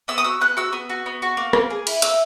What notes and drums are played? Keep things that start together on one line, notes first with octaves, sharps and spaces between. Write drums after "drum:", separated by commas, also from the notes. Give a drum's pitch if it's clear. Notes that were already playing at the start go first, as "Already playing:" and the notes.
B3 E6
D#6
F#4 E6
B3 F#6
F#4 E6
B3
F#4
B3
F#4
A#3
A#3, drum: rim click
G#4
E4, drum: cymbal
A#3 E6, drum: hi-hat